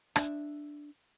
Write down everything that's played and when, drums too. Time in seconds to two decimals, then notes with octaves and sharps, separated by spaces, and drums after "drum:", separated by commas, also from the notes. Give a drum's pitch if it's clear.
0.16 D4 E5, drum: rim click